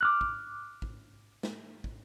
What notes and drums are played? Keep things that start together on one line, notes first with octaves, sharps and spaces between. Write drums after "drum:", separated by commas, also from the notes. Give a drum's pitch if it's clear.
D6 F6 F#6
drum: kick
drum: kick
drum: snare
drum: kick